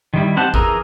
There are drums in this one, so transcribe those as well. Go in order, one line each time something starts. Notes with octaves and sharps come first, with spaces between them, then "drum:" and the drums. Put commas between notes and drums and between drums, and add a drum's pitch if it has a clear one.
D#3 G3 E4
C4 G4 C5 F#5 A5
E3 G#4 A#4 A#5 E6, drum: kick G#1